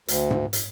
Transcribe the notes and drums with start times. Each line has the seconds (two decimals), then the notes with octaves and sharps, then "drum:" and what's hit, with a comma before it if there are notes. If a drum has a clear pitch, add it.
0.08 D2, drum: hi-hat
0.31 drum: tom G#2
0.53 drum: hi-hat